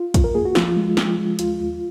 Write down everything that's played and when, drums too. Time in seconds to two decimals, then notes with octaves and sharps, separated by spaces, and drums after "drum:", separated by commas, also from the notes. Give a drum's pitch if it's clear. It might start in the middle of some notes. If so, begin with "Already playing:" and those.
Already playing: F4
0.14 F#2, drum: kick, hi-hat
0.24 A#4
0.35 A#3 G#4
0.45 F#4
0.55 F3 F4, drum: snare
0.77 G#3
0.97 F3, drum: snare
1.19 G#3
1.39 D#2 F4, drum: hi-hat
1.60 D#2